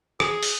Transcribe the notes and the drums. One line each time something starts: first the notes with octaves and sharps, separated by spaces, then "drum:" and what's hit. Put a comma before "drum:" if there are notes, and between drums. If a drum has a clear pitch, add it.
G#4, drum: rim click
drum: open hi-hat